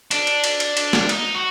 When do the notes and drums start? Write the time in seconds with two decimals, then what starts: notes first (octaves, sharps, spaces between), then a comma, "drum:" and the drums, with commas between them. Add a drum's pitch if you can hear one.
0.11 D4, drum: cymbal
0.27 drum: cymbal
0.44 drum: cymbal
0.60 drum: cymbal
0.77 drum: cymbal
0.93 drum: snare
1.09 D#4, drum: cymbal
1.35 F#4